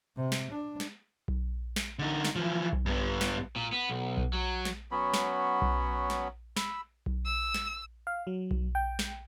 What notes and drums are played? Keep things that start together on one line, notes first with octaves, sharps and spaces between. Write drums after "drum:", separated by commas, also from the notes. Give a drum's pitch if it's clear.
C3
drum: snare
D4
drum: snare
drum: kick B1
drum: snare
D3 D#4
drum: snare
E3 F3
drum: kick B1
G2 B3
drum: snare
A#2
B3
B1
drum: kick B1
F#3
drum: snare
F#3 B3 C#4 B5
drum: snare
drum: kick B1
drum: snare
B5 E6, drum: snare
drum: kick B1
E6
drum: snare
F5
F#3
drum: kick B1
G5
drum: snare